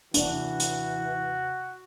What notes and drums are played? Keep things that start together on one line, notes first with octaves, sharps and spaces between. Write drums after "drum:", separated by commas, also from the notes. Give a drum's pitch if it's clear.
D#2 C3 E3 D4 F#4, drum: hi-hat
drum: hi-hat